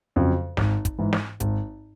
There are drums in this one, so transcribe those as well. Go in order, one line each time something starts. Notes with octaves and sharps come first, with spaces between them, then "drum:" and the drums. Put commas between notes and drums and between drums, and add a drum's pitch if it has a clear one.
F2 C#3 F#3
G#1, drum: snare
drum: kick, hi-hat
G#2 E3
drum: snare
G#1, drum: hi-hat